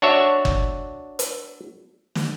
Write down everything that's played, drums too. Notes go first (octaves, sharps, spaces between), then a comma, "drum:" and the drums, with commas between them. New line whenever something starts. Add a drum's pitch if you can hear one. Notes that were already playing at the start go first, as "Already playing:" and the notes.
D4 F#4 C#5 E5
drum: kick
drum: hi-hat
drum: snare